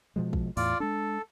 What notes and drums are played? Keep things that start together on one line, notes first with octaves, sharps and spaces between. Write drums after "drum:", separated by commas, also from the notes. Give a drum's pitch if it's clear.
B2 F3 G#3
drum: kick
E2 A2 F4 D5, drum: open hi-hat
G#3 D4 A4